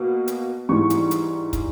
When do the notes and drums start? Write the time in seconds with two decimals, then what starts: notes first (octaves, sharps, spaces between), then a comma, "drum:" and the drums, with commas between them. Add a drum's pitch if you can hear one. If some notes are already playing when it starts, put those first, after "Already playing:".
Already playing: B2 A#3
0.28 drum: hi-hat
0.69 G#2 E3 G3 C#6
0.90 drum: hi-hat
1.11 drum: hi-hat
1.53 drum: kick, hi-hat